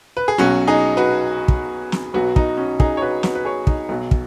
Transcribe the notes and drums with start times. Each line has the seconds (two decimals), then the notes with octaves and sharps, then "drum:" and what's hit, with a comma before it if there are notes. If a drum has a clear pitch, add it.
0.17 B4
0.28 G#4
0.38 B1 B2 F#3 C#4 F#4
0.67 D#4 G#4
0.97 F#4 B4
1.48 drum: kick
1.92 drum: snare
2.14 B1 B2 F#3 F#4 B4
2.36 D#4, drum: kick
2.57 C#4 F#4
2.80 D#4 G#4, drum: kick
2.97 C#5
3.02 F#4 B4
3.23 F#4 B4, drum: snare
3.35 B4
3.45 G#4 C#5
3.67 D#4, drum: kick
3.89 B1 B2 F#3
4.11 drum: kick